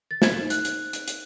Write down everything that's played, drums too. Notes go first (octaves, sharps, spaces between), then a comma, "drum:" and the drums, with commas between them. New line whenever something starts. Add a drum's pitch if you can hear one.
A6
C5 G#6, drum: snare
D#4
F#6, drum: hi-hat
drum: hi-hat
drum: hi-hat
drum: hi-hat